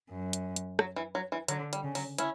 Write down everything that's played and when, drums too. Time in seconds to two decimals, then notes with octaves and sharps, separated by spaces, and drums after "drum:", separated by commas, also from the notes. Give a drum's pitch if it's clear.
0.10 F#2
0.33 drum: hi-hat
0.56 drum: hi-hat
0.79 F#3, drum: rim click
0.96 E3
1.15 F#3
1.32 E3
1.48 D3 F#3, drum: hi-hat
1.73 G3, drum: hi-hat
1.84 C#3
1.95 F#3, drum: open hi-hat
2.18 C#4 E4, drum: hi-hat